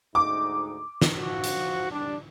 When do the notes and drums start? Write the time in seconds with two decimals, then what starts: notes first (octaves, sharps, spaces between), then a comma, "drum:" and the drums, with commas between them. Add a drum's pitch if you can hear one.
0.15 D2 G#2 D#4 D6
1.02 drum: snare
1.17 F3 F#4
1.44 drum: hi-hat
1.90 G3 D4